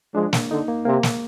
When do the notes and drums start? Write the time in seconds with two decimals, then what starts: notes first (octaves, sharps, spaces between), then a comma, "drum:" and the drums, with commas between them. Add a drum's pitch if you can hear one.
0.15 F3 G#3 D4
0.33 A#3, drum: snare
0.50 D3 D#4
0.68 A#3
0.85 C3 A#3
1.03 drum: snare